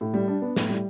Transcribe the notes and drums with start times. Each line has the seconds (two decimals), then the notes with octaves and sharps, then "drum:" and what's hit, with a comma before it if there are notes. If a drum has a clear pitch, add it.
0.01 A2
0.14 G3
0.28 D4
0.42 B3
0.56 A2, drum: snare
0.70 G3